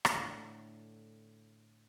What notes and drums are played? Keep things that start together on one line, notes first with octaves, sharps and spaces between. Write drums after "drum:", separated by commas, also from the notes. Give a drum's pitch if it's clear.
drum: rim click
A2 D3